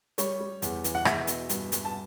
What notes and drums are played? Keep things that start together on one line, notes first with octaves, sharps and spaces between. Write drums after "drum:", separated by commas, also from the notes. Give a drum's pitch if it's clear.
G3 C#5, drum: hi-hat
G3
E2, drum: hi-hat
E3, drum: hi-hat
F#5
E2 E5, drum: rim click
B2, drum: hi-hat
G2, drum: hi-hat
G2, drum: hi-hat
A5